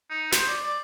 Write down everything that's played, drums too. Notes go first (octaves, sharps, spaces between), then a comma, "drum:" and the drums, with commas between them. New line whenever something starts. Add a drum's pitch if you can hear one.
D#4
C5, drum: snare
D5
D5